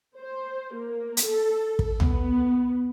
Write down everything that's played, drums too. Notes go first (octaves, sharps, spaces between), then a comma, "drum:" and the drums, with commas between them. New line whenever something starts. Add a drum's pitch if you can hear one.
C5
A#3
drum: hi-hat
A4
drum: kick
B3, drum: tom B1